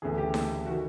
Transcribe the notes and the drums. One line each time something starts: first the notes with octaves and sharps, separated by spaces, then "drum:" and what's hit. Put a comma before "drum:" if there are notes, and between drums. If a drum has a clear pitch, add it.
D2 C#3 E3 G#4
G4
drum: snare D#4
F#4
D#3